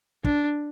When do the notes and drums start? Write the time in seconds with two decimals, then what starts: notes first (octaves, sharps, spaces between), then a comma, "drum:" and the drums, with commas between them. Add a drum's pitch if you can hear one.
0.24 D4, drum: kick